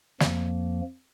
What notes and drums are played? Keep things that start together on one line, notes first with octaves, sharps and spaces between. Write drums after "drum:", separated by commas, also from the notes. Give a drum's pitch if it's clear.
F2 F3 A#3, drum: snare